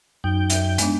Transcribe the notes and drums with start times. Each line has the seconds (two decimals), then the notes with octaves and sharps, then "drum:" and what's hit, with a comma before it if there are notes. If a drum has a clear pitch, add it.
0.24 F#2 D#4 G5
0.50 E5, drum: hi-hat
0.78 G#3 B3 D4, drum: hi-hat